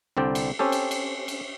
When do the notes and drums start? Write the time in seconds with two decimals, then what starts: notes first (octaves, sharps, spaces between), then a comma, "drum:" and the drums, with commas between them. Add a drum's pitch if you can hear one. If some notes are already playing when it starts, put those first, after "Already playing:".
0.17 C2 D3 C4 D5 G5
0.35 drum: cymbal
0.59 C4 C#4 G4 A4
0.72 drum: cymbal
0.91 drum: cymbal
1.28 drum: cymbal